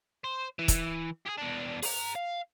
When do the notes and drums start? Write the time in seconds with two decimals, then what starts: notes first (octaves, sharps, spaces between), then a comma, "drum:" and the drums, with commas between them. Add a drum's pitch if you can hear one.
0.24 C5
0.59 E3
0.68 drum: kick, hi-hat
1.26 G4 G#4
1.38 E2 D4
1.83 G#4 A#5, drum: open hi-hat
2.16 F5